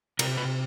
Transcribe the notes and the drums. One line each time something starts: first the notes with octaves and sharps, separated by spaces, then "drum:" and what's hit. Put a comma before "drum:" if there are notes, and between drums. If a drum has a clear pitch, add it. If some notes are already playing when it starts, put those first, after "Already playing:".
C3 A#4, drum: cymbal
B4